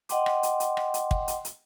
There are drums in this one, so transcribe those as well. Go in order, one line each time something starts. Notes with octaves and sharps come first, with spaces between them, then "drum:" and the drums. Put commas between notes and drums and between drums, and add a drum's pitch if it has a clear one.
D#5 F#5 G5 C6 D6, drum: hi-hat
drum: rim click
drum: hi-hat
drum: hi-hat
drum: rim click
drum: hi-hat
drum: kick
drum: hi-hat
drum: hi-hat